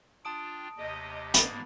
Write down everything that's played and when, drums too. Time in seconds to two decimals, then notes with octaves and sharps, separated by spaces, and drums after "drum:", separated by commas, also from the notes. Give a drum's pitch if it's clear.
0.25 D4 F4 G5 A5 D#6 D7
0.78 D#2 C3 G4 D#5
1.34 G#2 A#3 B3 B5 A6, drum: hi-hat